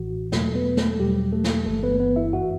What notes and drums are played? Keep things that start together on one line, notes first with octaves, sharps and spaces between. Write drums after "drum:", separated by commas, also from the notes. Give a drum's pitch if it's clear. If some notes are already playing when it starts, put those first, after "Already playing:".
Already playing: A1 A2 E3 F#4
E2 B2 F#3 A3 A4, drum: snare
B3 B4
A3 A4, drum: snare
E2 B2 F#3 G3 G4
A3 A4
drum: snare
G1 G2 E3 A3 A4
B3 B4
B3 B4
E4 E5
F#2 E3 F#4 F#5